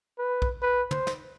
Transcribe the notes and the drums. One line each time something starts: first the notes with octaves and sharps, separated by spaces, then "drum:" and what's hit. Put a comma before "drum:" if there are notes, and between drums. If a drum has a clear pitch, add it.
B4
drum: kick
B4
C5, drum: tom
drum: snare